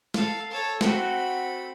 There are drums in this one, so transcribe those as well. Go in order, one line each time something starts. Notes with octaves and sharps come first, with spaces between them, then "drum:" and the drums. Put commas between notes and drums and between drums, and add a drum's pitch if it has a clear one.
A4 F5, drum: snare
A4 C#5
A3 C4 F#4 B5, drum: snare